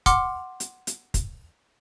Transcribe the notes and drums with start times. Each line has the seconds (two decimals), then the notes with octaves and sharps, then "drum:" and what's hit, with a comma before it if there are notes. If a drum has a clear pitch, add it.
0.06 F#5 C6 D6 F6, drum: kick, hi-hat
0.60 drum: hi-hat
0.87 drum: hi-hat
1.14 drum: kick, hi-hat